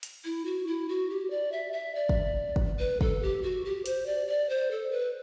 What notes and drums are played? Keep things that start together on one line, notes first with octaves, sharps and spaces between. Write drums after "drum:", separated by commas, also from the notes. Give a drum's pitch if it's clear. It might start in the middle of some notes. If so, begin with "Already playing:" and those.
drum: hi-hat
E4
F#4
E4
F#4
G4
D5
E5
E5
D5
drum: kick
drum: kick
B4
A4, drum: kick
G4
F#4
G4
C5, drum: hi-hat
D5
D5
C5
A4
B4